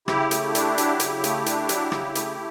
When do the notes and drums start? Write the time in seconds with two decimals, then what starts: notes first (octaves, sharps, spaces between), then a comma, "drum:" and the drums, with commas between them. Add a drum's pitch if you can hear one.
0.08 C#3 E4 G4, drum: rim click
0.31 A3, drum: hi-hat
0.55 D4, drum: hi-hat
0.78 F#3, drum: hi-hat
1.00 C#3, drum: hi-hat
1.24 A3, drum: hi-hat
1.46 D4, drum: hi-hat
1.69 F#3, drum: hi-hat
1.92 C#3, drum: rim click
2.15 A3, drum: hi-hat